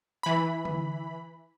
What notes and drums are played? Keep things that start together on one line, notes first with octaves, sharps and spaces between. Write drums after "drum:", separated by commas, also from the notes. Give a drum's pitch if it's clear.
E3 B5
drum: tom D3